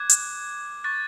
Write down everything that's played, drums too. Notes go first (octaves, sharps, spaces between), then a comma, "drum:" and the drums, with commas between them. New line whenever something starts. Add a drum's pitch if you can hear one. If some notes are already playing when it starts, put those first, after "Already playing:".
Already playing: D6 F#6 G#6
drum: hi-hat
C#6 F#6 A6